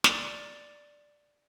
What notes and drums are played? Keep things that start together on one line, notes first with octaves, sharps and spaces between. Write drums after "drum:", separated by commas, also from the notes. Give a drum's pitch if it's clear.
D5, drum: snare